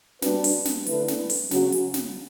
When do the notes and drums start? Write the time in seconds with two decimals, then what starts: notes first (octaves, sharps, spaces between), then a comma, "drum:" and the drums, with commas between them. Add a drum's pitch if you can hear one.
0.22 G3 D4 F#4 B4, drum: snare
0.44 drum: open hi-hat
0.65 drum: snare
0.87 D3 A3 E4 B4, drum: hi-hat
1.08 drum: snare
1.30 drum: open hi-hat
1.51 C#3 F#3 C#4 F#4, drum: snare
1.72 drum: hi-hat
1.94 drum: snare